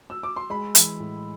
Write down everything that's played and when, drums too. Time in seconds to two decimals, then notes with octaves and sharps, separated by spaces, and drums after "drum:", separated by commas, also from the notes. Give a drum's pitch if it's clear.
0.10 E6
0.23 D6
0.36 C6
0.50 G#3 B5
0.75 E3, drum: hi-hat
1.00 A2